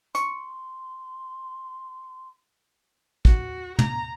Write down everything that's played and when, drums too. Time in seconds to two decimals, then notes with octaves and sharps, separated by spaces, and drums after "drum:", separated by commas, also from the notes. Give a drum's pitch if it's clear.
0.15 C6 C#6, drum: hi-hat
3.25 F#4, drum: kick
3.79 A#5, drum: tom